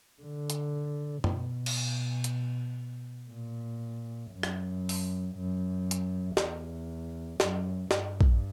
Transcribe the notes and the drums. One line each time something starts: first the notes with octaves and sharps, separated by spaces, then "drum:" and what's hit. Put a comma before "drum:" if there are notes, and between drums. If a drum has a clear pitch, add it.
D3
drum: hi-hat
B2, drum: tom F#2
drum: cymbal
drum: hi-hat
A#2
F#2
drum: rim click
drum: open hi-hat
F#2
drum: hi-hat
E2, drum: snare
F#2, drum: snare
G2, drum: snare
drum: kick A#1